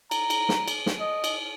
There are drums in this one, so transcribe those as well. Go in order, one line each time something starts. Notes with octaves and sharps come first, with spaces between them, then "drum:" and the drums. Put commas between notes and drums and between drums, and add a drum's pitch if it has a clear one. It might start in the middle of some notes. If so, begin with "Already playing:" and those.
A#5, drum: cymbal
drum: cymbal
drum: snare
drum: cymbal
drum: snare
D#5
drum: cymbal